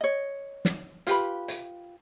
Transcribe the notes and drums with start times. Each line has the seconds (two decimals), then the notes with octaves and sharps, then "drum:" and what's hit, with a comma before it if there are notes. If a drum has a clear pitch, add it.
0.01 C#5 D#5
0.65 drum: snare
1.07 F4 G4 B4 B5, drum: hi-hat
1.48 drum: hi-hat